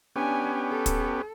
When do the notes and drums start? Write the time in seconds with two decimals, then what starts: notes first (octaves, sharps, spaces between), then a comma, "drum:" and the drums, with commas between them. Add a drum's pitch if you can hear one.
0.16 B3 C#4 D4 G4 G#5
0.70 A4
0.86 drum: kick, hi-hat